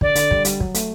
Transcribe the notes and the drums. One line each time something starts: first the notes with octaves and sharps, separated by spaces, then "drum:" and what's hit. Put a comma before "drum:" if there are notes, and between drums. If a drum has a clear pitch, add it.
D3 D5, drum: kick
D3, drum: hi-hat
G3, drum: kick
G3, drum: hi-hat
F#3, drum: kick
A3, drum: hi-hat